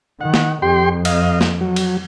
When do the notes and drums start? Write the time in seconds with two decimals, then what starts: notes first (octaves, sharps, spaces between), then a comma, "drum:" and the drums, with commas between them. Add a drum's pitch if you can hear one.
0.21 D#3 F#5
0.34 drum: snare
0.62 F2 G4 G5 C6
1.05 D#5 F5, drum: cymbal
1.41 drum: snare
1.60 F#3
1.76 drum: cymbal